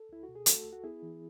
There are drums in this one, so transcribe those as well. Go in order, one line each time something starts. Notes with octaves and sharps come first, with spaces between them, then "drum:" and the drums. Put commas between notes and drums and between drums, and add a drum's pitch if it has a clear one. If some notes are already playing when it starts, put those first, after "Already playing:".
Already playing: A4
C#2 E4
F#4
B2
G#4
A3 F#4 A4, drum: hi-hat
C#2
F#4
B3 E4 G#4
E3